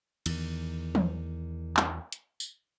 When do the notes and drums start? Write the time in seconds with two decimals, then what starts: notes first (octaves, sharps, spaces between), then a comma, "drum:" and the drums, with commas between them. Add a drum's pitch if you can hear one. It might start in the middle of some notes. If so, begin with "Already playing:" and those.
0.26 E2 D#3, drum: cymbal
0.95 drum: tom E3
1.77 drum: clap
2.12 drum: hi-hat
2.40 drum: tambourine